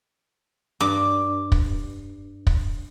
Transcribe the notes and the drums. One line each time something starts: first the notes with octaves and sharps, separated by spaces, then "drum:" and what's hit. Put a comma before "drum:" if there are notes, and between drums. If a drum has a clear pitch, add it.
G2 D6
drum: kick
drum: kick